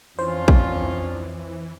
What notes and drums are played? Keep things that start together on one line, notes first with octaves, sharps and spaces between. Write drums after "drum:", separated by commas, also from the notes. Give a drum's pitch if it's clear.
F2 E3 C#4 D4 F4 C5
drum: kick